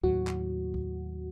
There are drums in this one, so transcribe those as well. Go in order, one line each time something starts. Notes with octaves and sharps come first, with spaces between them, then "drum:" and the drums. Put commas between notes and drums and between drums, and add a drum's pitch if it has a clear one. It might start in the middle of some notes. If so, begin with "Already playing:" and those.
D#2 A2 F#3 F#4, drum: kick
drum: clap
drum: kick